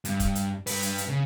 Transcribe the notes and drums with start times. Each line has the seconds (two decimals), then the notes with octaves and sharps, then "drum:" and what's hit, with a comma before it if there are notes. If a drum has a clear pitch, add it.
0.05 G2, drum: hi-hat
0.20 drum: kick, hi-hat
0.35 drum: hi-hat
0.67 G2 B4, drum: open hi-hat
0.82 drum: hi-hat
0.98 drum: hi-hat
1.09 C#3